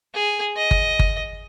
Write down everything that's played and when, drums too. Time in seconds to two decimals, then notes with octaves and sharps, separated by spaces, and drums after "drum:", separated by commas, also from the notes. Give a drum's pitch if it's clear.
0.14 G#4
0.57 D#5
0.71 drum: kick G1
0.99 drum: kick G1